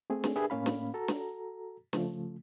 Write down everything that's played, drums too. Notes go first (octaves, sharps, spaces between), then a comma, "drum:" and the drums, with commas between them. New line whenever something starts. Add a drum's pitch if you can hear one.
A3 C4 G#4
drum: snare
D4 G4 G#4 A#4 B4 E5
A2 A#3 C#4 F5 B5
drum: snare
F#4 A4 A#5
drum: snare
C#3 F3 A3, drum: snare